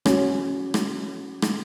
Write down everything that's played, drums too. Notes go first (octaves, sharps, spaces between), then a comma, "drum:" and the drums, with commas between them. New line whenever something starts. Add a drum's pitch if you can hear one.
C#4 F#4, drum: rim click
drum: rim click
drum: rim click